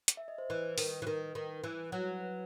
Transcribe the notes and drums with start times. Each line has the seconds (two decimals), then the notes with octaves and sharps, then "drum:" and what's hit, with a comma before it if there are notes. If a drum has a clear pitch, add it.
0.08 drum: hi-hat
0.17 E5
0.28 D#5
0.38 C5
0.49 E3 B4
0.78 D#3, drum: open hi-hat
1.02 E3
1.07 D#3
1.35 D#3
1.64 E3
1.92 F#3
2.20 B4